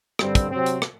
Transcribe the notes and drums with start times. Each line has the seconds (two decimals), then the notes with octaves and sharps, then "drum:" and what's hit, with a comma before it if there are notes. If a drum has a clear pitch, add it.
0.19 G2 D3 G3 C4, drum: rim click
0.35 drum: kick, hi-hat
0.51 C3 F#3 C4
0.66 drum: hi-hat
0.82 drum: rim click